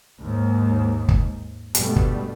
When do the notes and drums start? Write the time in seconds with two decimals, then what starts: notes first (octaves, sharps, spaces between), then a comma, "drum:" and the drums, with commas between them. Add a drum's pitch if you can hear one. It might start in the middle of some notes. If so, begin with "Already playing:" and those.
0.20 D#2 G#2
1.08 drum: kick
1.75 G2 B2 G3 A3, drum: hi-hat
1.96 drum: kick